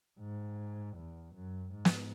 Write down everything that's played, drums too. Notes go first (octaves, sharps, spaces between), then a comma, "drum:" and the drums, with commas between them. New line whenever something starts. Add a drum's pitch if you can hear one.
G#2
E2
F#2
G#2
drum: snare